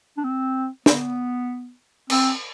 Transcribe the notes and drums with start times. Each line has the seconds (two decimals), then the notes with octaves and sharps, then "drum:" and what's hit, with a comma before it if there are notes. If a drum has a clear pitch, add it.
0.17 D4
0.24 C4
0.86 B3, drum: snare
2.10 C4, drum: cymbal